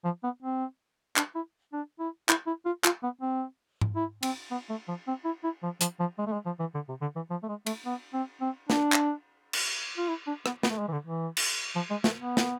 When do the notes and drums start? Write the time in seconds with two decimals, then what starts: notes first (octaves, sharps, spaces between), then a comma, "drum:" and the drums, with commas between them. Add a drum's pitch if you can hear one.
0.05 F3
0.23 B3
0.42 C4
1.16 D4, drum: clap
1.35 E4
1.73 D4
2.00 E4
2.29 E4, drum: clap
2.47 E4
2.66 F4
2.84 F4, drum: clap
3.03 B3
3.21 C4
3.81 drum: tom G#2
3.96 E4
4.23 C4, drum: cymbal
4.51 B3
4.70 A3
4.88 F3
5.08 C4
5.25 E4
5.44 E4
5.63 F3
5.81 F3, drum: hi-hat
6.00 F3
6.18 G#3
6.27 A3
6.33 G#3
6.46 F3
6.60 E3
6.75 D3
6.89 C3
7.01 D3
7.16 E3
7.30 F3
7.43 A3
7.49 G#3
7.66 A3, drum: cymbal
7.86 B3
8.14 C4
8.41 C4
8.70 D4, drum: snare
8.92 drum: clap
9.53 drum: cymbal
9.97 F4
10.08 E4
10.27 D4
10.46 B3, drum: rim click
10.63 B3, drum: snare
10.70 A3
10.78 G#3
10.88 E3
10.92 D3
11.06 E3
11.37 drum: cymbal
11.76 F3
11.90 G#3
12.04 A3, drum: snare
12.17 B3
12.37 drum: snare